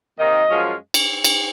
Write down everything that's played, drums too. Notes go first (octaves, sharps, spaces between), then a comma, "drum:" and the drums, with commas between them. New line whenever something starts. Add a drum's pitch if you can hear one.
C3 D#3 A#3 D#4 D#5
F#2 F3 G#3 C#4 F4
drum: cymbal
drum: cymbal